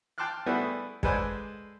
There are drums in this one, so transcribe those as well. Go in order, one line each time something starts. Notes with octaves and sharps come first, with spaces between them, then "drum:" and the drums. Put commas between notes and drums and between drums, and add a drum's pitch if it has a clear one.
G5 A5 C6 D6 F6 F#6
G3 A3 B3 E4 F#4 G#4
G#3 A4 B4 C5 D5 G#5, drum: kick